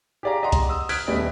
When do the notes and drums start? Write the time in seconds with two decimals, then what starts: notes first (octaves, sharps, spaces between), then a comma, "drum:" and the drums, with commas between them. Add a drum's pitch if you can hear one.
0.23 G4 G#4 D5 F5 A#5
0.43 D#5 F#5 A#5 C6
0.52 drum: kick C2, hi-hat
0.69 D#6 E6
0.89 D#6 F6 F#6 G#6 B6 D7, drum: open hi-hat
1.07 D#1 A3 B3 G4 D5 D#5